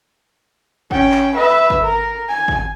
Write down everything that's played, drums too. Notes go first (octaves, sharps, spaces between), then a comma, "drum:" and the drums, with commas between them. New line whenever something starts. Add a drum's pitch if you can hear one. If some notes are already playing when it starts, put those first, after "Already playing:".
C#4 G5, drum: kick G#1
drum: clap
B4 E5
drum: kick G#1
A#4
G#5
drum: kick G#1